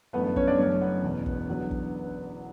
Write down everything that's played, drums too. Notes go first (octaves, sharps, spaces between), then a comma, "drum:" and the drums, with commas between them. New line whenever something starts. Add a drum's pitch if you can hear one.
G1 F#2 E3 A3 B3 B4
B3 B4
C#4 C#5, drum: kick
D4 D5
F#1 F#2 E3 A3 C#4 C#5
B3 B4
E1 E2 B2
drum: kick
E2 D3 F#3
drum: kick